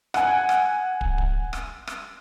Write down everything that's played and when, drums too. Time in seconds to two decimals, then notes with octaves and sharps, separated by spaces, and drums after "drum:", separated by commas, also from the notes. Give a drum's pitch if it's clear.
0.14 F#5 G#5, drum: rim click
0.49 drum: rim click
1.01 drum: kick
1.18 drum: kick
1.53 drum: rim click
1.87 drum: rim click